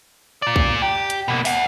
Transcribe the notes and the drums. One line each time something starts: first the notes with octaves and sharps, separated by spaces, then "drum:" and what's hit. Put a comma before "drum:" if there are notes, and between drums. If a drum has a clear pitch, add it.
A#2 D5
drum: kick
G4
drum: hi-hat
B2 A#3
E5 F#5, drum: open hi-hat